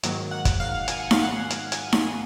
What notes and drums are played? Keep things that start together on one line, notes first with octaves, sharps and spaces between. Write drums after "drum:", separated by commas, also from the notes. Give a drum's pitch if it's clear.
G#2 D#3 F#3 A#3, drum: hi-hat
F#5
drum: kick, hi-hat
F5
G#5, drum: hi-hat
F#5
F5, drum: snare D#4
F#5
drum: hi-hat
G#5, drum: hi-hat
drum: snare D#4